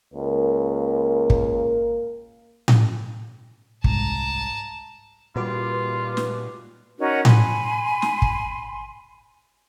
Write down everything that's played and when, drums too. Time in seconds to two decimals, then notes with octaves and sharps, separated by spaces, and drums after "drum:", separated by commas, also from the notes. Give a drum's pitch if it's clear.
0.14 C#2 A#3 A#4
1.30 drum: kick
2.68 drum: tom A2
3.84 C2 G#2 A5 A#5, drum: kick
5.36 A#2 G3 F4 F#4 B4 D6
6.17 drum: snare
6.99 C#4 D#4 F#4 A#4
7.25 G#5 B5 C6, drum: tom A2
8.02 drum: snare
8.22 drum: kick